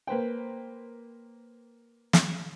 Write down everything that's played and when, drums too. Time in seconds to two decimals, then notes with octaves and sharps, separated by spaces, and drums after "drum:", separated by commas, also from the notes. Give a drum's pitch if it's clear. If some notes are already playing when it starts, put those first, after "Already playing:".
0.07 A#3 B4 C5 G5
2.13 drum: snare